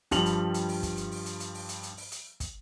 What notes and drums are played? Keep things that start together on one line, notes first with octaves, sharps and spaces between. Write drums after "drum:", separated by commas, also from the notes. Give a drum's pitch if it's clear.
G2 F3 G3 F7 F#7, drum: kick, hi-hat
drum: hi-hat
drum: hi-hat
drum: open hi-hat
drum: kick, hi-hat
drum: hi-hat
drum: open hi-hat
drum: hi-hat
drum: hi-hat
drum: open hi-hat
drum: hi-hat
drum: hi-hat
drum: open hi-hat
drum: hi-hat
drum: kick, hi-hat